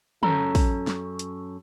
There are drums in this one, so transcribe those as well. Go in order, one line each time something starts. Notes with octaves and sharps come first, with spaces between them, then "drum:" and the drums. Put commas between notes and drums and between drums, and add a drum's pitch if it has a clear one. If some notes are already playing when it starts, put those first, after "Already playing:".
F#2 C#4 A4 A#5, drum: tom
drum: kick, open hi-hat
drum: snare
drum: hi-hat